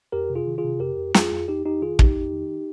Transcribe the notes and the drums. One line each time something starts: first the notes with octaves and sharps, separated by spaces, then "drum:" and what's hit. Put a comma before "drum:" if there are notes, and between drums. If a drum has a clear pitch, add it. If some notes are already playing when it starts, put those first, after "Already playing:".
F2 G4 A#4
C3
F4 G#4
D#3
F4 G#4
C3
F2 G4 A#4
F2
F2 F4 G#4, drum: snare
F2
F2 D#4 G4
F2 D#4 G4
D#3 F4 G#4
F2 D#4 G4, drum: kick
F2
D#3